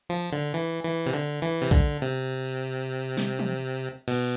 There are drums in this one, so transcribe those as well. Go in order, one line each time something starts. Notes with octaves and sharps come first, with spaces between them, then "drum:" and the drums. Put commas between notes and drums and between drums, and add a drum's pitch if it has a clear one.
F3
D3
E3
E3
C3
D3
E3
C3
D3, drum: kick A#1
C3
drum: open hi-hat
drum: snare
drum: tom
B2, drum: cymbal